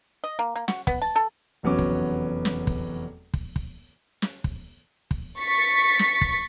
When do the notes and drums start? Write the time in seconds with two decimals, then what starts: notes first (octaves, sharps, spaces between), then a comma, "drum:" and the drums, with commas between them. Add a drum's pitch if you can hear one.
0.24 D#5
0.39 A#3
0.56 A#3
0.68 F#4, drum: snare
0.87 B3, drum: kick
1.02 A5
1.16 A4
1.63 F1 E2 F#3 B3 C#4 D6
1.79 drum: kick
2.45 drum: snare
2.67 drum: kick
3.34 drum: kick
3.56 drum: kick
4.22 drum: snare
4.44 drum: kick
5.11 drum: kick
5.38 C#6 A6 B6 C#7
5.99 drum: snare
6.21 drum: kick